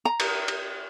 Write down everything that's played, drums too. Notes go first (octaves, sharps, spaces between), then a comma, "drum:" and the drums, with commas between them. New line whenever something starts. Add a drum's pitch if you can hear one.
A#5
drum: cymbal
drum: cymbal